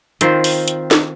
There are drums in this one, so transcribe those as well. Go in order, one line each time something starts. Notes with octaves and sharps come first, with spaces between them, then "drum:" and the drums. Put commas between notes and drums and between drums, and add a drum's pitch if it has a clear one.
D#3 C4 F4 C5, drum: hi-hat
drum: open hi-hat
drum: hi-hat
drum: snare